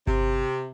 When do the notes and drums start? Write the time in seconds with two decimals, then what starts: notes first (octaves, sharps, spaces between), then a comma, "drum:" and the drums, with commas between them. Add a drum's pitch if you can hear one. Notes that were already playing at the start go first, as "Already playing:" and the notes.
0.07 C3, drum: kick G1